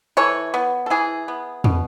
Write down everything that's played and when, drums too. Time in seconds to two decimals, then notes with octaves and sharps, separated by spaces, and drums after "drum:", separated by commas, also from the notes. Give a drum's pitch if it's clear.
0.17 E3 A4 C#5
0.54 B3
0.86 A4
0.90 E3 E4 G#4
1.28 B3
1.64 B2, drum: tom